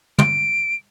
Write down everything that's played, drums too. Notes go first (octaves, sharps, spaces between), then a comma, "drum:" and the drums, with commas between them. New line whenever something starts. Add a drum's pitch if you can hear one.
D7, drum: tom